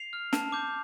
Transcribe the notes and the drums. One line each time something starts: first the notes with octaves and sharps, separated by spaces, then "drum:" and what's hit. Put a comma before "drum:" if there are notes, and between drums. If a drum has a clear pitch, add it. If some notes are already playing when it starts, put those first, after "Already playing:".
Already playing: C7 F7
F6
A5, drum: snare
D6 G6